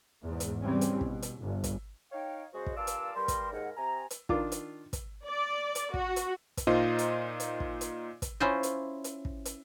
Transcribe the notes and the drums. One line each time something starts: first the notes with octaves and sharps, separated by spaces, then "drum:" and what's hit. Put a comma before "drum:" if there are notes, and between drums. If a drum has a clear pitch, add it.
E2 G#2
drum: hi-hat
C#3 E3 G3 C4 C#4
drum: hi-hat
B2, drum: kick
drum: hi-hat
G1
drum: kick, hi-hat
D#4 C#5 F5 G5
C#3 G#3 F#4 C5
drum: kick
G2 A#2 D5 F5 A5 E6
drum: hi-hat
G2 G3 A#4 C6
drum: kick, hi-hat
D#2 G#2 A#4 F#5
C3 G#5 A#5
drum: hi-hat
D#3 D4 F4 D6, drum: kick
drum: hi-hat
drum: kick, hi-hat
D5
drum: hi-hat
F#4, drum: kick
drum: hi-hat
drum: kick, hi-hat
A#2 D#4 F4 C5 D#5
drum: hi-hat
drum: hi-hat
drum: kick
drum: hi-hat
drum: kick, hi-hat
C#4 E4 F4 C5 D#5
drum: hi-hat
drum: hi-hat
drum: kick
drum: hi-hat